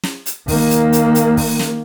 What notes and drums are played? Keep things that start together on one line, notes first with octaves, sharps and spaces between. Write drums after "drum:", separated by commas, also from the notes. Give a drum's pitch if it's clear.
drum: snare
drum: hi-hat
D#3 A#3, drum: kick, open hi-hat
drum: hi-hat
drum: hi-hat
drum: hi-hat
drum: kick, open hi-hat
drum: snare